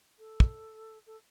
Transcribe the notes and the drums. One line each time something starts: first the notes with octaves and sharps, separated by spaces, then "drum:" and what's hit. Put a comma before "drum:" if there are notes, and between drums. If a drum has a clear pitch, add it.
A4
drum: kick
A4